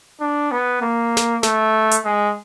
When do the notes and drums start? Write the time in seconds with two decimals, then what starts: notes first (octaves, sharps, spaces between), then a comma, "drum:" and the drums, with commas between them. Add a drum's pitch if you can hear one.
0.21 D4
0.51 B3
0.82 A#3
1.17 drum: snare
1.43 A3, drum: snare
1.91 drum: hi-hat
2.05 G#3